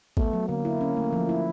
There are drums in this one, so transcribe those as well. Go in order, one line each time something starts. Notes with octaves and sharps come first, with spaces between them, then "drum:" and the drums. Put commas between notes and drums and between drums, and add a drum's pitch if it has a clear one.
A3 B3, drum: kick
F#3
D3 A#3
E4
C#4
A3
F3
E4